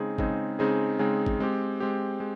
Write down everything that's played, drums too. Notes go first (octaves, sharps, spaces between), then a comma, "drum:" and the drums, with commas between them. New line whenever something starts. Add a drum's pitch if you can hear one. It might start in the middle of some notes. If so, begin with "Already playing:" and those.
Already playing: C#3 G#3 C4 D#4 G#4
C#3 G#3 C4 D#4 G#4, drum: kick G#1
C#3 G#3 C4 D#4 G#4
C#3 G#3 C4 D#4 G#4
drum: kick G#1
G#3 C4 G4
G#3 C4 G4
G#3